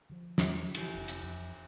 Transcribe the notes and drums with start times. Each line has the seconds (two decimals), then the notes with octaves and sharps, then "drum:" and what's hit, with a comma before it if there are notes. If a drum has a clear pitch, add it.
0.09 D3 F3
0.38 E2, drum: snare
0.65 D3 F3
0.75 drum: cymbal
0.94 F1
1.08 drum: hi-hat
1.22 F2 E3